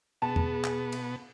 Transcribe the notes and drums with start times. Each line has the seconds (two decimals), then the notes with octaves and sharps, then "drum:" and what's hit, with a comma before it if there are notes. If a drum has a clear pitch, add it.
0.22 B2 B3 G#4 A5
0.36 drum: tom E2
0.64 drum: clap
0.92 drum: cymbal